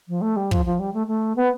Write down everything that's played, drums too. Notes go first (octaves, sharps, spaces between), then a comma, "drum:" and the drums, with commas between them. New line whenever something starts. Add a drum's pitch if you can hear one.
F3
A3
G3
F3, drum: kick
F3
G3
A3
A3
B3